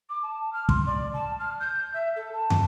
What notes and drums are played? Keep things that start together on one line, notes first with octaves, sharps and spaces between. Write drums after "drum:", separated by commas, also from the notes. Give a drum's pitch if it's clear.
D6
A5
F6
C6, drum: kick
D5
A5
F6
G6
E5
A4
A5
drum: tom